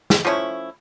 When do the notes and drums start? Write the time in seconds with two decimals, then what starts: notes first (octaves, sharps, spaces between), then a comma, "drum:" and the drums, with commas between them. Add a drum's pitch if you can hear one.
0.10 drum: snare
0.25 F3 A3 C#4 E4